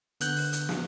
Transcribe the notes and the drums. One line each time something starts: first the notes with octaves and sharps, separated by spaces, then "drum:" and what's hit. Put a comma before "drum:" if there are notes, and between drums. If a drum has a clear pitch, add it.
D3 B3 F#6 G6, drum: hi-hat
drum: open hi-hat
drum: hi-hat
drum: snare